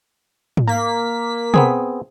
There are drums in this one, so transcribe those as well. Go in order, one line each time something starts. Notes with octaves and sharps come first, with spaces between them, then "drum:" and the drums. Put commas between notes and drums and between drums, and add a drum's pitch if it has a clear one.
drum: tom
A#3 B6
B3 C4 G#4, drum: tom